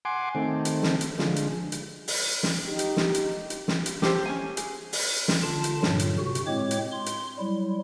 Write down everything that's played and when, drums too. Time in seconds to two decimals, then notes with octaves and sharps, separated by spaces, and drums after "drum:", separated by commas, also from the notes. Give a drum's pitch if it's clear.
0.05 F#5 G#5 C6 D6
0.35 D#3 A3 C4
0.65 drum: hi-hat
0.83 drum: snare
1.01 drum: hi-hat
1.19 D3 F3 G#3, drum: snare
1.36 drum: hi-hat
1.72 drum: hi-hat
2.08 drum: open hi-hat
2.43 drum: snare
2.68 D#4 G4
2.79 drum: hi-hat
2.97 drum: snare
3.14 drum: hi-hat
3.50 drum: hi-hat
3.68 drum: snare
3.86 drum: hi-hat
4.02 G4 A4 C5, drum: snare
4.26 C#4 G#5
4.57 G#4, drum: hi-hat
4.93 drum: open hi-hat
5.28 drum: snare
5.42 D3 F4 A5
5.64 drum: hi-hat
5.83 G2 A#2 D3 F#3, drum: snare
5.99 drum: hi-hat
6.18 C3 F#4
6.35 drum: hi-hat
6.47 A2 G#3 C4 C#5 D6
6.71 drum: hi-hat
6.92 C6
7.06 drum: hi-hat
7.38 F#3 G3 E4